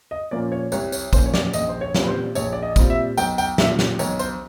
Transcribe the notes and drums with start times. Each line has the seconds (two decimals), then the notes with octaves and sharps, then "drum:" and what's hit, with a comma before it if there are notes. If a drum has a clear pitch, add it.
0.11 D#5
0.31 A#2 F3 A#3 C#4 D5
0.52 C#5
0.72 C2 C#5, drum: tambourine
0.92 C#5, drum: tambourine
1.13 A#2 F3 A#3 C#4 C5, drum: kick, tambourine
1.26 C#5
1.34 D5, drum: snare
1.53 A#1 D#5, drum: tambourine
1.69 C5
1.81 C#5
1.94 A#2 G3 C4 F4, drum: snare
2.04 B4
2.08 C5
2.35 A#1 C#5, drum: tambourine
2.53 D5
2.63 D#5
2.76 A#2 G3 C4 F4, drum: kick, tambourine
2.90 E5
3.18 B1 G5, drum: tambourine
3.38 G5, drum: tambourine
3.58 A#2 F3 E5, drum: snare
3.79 drum: snare
3.99 B1 C#5, drum: tambourine
4.19 C5, drum: tambourine